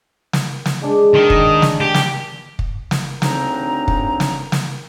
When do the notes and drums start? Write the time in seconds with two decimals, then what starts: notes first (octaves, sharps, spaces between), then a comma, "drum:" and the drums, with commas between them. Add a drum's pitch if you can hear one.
0.33 drum: snare
0.66 drum: snare
0.82 G#3 D4
1.14 D#3
1.30 drum: kick
1.62 drum: snare
1.81 G4
1.94 drum: snare
2.59 drum: kick
2.91 drum: snare
3.22 D2 C#3 C4 D4 D#4 A#5, drum: snare
3.88 drum: kick
4.20 drum: snare
4.52 drum: snare